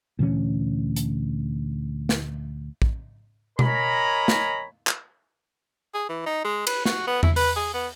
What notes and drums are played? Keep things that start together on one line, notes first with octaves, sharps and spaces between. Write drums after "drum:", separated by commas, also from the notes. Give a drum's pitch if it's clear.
D2 A#2 E3 C#4
drum: hi-hat
drum: snare
drum: kick
A#4 C#5 D#5 G#5 A#5 B5, drum: tom B2
drum: snare
drum: clap
G#4
E3
D#4
G#3
B4, drum: cymbal
F#4, drum: snare
B3
E4, drum: tom E2
B4, drum: open hi-hat
G#4
B3